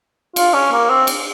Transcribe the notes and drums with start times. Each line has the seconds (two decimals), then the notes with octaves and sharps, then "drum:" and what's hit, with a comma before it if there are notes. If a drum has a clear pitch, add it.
0.36 F4, drum: cymbal
0.54 C#4
0.72 A#3
0.89 C4
1.07 drum: cymbal